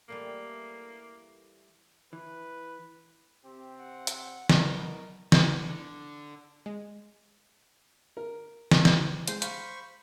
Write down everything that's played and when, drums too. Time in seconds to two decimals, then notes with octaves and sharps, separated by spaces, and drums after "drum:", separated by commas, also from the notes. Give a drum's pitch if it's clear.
0.09 E3 G3 A3 A#3
2.13 E3 B4
3.44 C3 C4 G4
3.80 F#5
4.07 drum: hi-hat
4.49 B2 F#3 A#4 D5, drum: snare
5.32 D3, drum: snare
6.66 G#3
8.17 A#4
8.71 drum: snare
8.85 drum: snare
9.28 G#3 C5 C6, drum: hi-hat
9.42 C5 F5 B5 C#6, drum: hi-hat